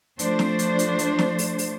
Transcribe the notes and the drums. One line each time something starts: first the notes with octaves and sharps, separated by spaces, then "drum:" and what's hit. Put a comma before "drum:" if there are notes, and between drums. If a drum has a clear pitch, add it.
F3 A3 D4 C5, drum: hi-hat
drum: snare
drum: hi-hat
drum: hi-hat
drum: hi-hat
drum: snare
drum: open hi-hat
drum: open hi-hat